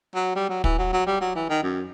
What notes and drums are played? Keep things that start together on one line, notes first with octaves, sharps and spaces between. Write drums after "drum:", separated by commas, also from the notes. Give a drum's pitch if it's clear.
F#3
G3
F#3
E3, drum: kick
F#3
F#3
G3
F#3
E3
D#3
F#2